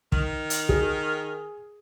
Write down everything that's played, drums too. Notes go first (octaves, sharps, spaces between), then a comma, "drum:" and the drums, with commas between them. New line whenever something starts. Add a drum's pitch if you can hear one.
D#3, drum: kick
drum: hi-hat
G#4, drum: kick